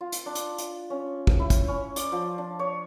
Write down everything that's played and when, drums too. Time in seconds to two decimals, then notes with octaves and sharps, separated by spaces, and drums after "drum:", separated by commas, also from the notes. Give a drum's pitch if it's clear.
0.01 F4
0.12 drum: hi-hat
0.26 D4
0.35 drum: hi-hat
0.58 drum: hi-hat
0.90 C#4
1.27 drum: kick
1.40 E4
1.50 drum: kick, hi-hat
1.68 C#4
1.96 D5, drum: hi-hat
2.12 F3
2.38 D4
2.59 C#5